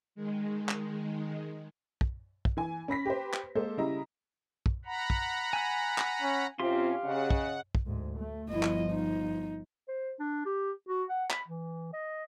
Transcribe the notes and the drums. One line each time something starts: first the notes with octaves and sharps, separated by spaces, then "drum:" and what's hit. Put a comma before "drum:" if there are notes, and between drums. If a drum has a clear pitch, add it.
D#3 G#3
drum: clap
drum: kick
drum: kick
E3 G#5
C#4 B5 A#6 B6
G4 B4 C5
drum: clap
G#3 A#3 A4 C5
C#3 G3 E4 D#5 A#5
drum: kick
F#5 A#5 B5
drum: kick
G#5 F#6
drum: clap
C#4
C3 C4 C#4 F4 G4 F5 C6
C#3 D#5 F#5
drum: kick
drum: kick
D2 G#2
A3
G1 F3 E4 D#5
drum: clap
D#4
C5
D4
G4
F#4
F#5
B5, drum: clap
E3
D#5